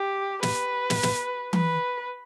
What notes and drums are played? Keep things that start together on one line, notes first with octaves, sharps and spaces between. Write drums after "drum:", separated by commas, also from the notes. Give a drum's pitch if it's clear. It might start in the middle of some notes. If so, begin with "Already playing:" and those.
Already playing: G4
B4, drum: snare
drum: snare
drum: snare
B4, drum: tom E3